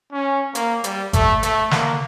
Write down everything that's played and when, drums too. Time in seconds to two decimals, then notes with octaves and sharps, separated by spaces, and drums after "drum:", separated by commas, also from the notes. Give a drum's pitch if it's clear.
0.12 C#4
0.55 A#3, drum: hi-hat
0.84 G3, drum: hi-hat
1.13 A3, drum: kick G#1, hi-hat
1.43 A3, drum: hi-hat
1.71 A#3, drum: snare